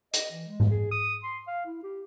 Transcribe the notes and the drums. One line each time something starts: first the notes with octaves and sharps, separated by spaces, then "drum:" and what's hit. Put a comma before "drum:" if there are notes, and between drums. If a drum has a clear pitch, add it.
D#5, drum: hi-hat
E3
G#3
drum: tom G#2
G#4
D#6
C6
F5
E4
G4